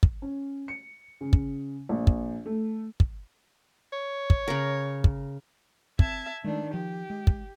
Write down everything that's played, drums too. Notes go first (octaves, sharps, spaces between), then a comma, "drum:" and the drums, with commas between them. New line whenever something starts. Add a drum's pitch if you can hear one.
drum: kick
C#4
C#7
C#3
drum: kick
A#1
drum: kick
A3
drum: kick
C#5
drum: kick
C#3 A#4
drum: kick
C4 E5 A5 G#6, drum: kick
D#3 G#3 A3 D4
F3 G4
G#3
drum: kick